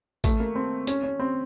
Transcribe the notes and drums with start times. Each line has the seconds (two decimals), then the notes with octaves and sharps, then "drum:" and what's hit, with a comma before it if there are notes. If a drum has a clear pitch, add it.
0.24 A3, drum: kick A1, hi-hat
0.40 A#3
0.56 C4
0.87 C#4, drum: hi-hat
1.03 C#4
1.20 C4